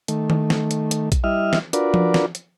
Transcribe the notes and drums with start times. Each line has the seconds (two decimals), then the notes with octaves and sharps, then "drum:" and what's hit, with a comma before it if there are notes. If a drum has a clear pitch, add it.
0.08 D#3 A3, drum: hi-hat
0.30 drum: tom D#3
0.50 drum: snare
0.71 drum: hi-hat
0.91 drum: hi-hat
1.12 drum: kick, hi-hat
1.24 G3 E4 D#5 E5 F6
1.53 drum: snare
1.73 D4 F4 F#4 A#4 B4 D5, drum: hi-hat
1.94 drum: tom F3
2.14 drum: snare
2.35 drum: hi-hat